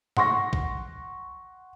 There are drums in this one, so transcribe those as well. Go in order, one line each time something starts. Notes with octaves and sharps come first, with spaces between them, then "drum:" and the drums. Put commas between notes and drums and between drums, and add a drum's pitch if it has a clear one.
F#5 C6 C#6 A#6, drum: tom G#2
drum: kick